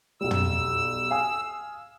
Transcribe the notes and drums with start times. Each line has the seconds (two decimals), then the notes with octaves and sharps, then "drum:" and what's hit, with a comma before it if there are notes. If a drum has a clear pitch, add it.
0.21 B1 G3 E6
0.31 drum: tom
1.11 F5 G#5 D#6